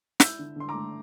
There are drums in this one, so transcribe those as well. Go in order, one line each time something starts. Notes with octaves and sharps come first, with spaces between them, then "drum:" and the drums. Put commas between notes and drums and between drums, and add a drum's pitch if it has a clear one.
E4 E6 G6, drum: snare
D3
D3 C6
A#5 D6
A3